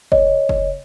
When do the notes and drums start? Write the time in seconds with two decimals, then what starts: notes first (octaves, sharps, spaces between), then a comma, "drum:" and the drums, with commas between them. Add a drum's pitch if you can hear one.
0.12 C#5 D#5, drum: kick
0.49 drum: kick